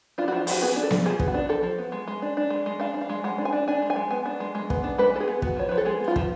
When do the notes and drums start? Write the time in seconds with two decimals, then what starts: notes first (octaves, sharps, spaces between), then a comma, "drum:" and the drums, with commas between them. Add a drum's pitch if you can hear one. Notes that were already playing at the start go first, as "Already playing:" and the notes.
0.18 D4 F4
0.28 F#4
0.32 F3 F4
0.47 F3 F#4, drum: open hi-hat
0.62 B3 G#4
0.76 D4
0.83 A4
0.91 F3, drum: snare B3
1.06 F3 G#4
1.20 B3, drum: kick
1.28 F#4
1.34 D4
1.49 F3 A4
1.63 F3
1.78 B3
1.92 G#3
2.08 G#3
2.22 D4
2.37 D4
2.51 G#3
2.66 G#3
2.80 D4 F5
2.94 D4
3.01 F5
3.10 G#3
3.24 G#3 F#5
3.38 D4
3.45 G#5
3.53 D4
3.68 D4 G#5
3.82 G#3
3.90 G#5
3.96 G#3
4.11 B3 G#5
4.26 D4
4.40 G#3
4.55 G#3
4.70 B3, drum: kick
4.84 D4
4.98 G#3 B4
5.14 G#3 A4
5.20 G#4
5.28 B3
5.42 B3 F#4, drum: kick
5.56 F3 C#5
5.69 F3 B4
5.78 A4
5.85 G#3 G#4
6.00 B3
6.08 F4
6.16 F3, drum: kick